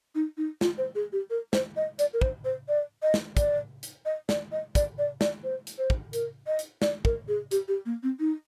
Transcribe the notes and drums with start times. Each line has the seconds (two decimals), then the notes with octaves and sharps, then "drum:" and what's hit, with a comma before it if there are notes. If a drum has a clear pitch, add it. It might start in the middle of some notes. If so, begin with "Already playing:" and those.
0.15 D#4
0.37 D#4
0.61 F4, drum: snare
0.78 C5
0.95 G#4
1.13 G4
1.30 A#4
1.53 C5, drum: snare
1.76 D#5
1.99 D5, drum: hi-hat
2.14 A#4
2.21 C5, drum: kick
2.45 C5
2.68 D5
3.02 D#5
3.14 drum: snare
3.37 D5, drum: kick, hi-hat
3.83 drum: hi-hat
4.05 D#5
4.29 D5, drum: snare
4.52 D#5
4.75 D5, drum: kick, hi-hat
4.98 D5
5.21 D5, drum: snare
5.44 C5
5.67 drum: hi-hat
5.78 C5
5.90 drum: kick
6.13 A#4, drum: hi-hat
6.47 D#5
6.59 drum: hi-hat
6.82 D5, drum: snare
7.05 A#4, drum: kick
7.28 G#4
7.51 G4, drum: hi-hat
7.68 G4
7.86 A#3
8.03 C4
8.20 D#4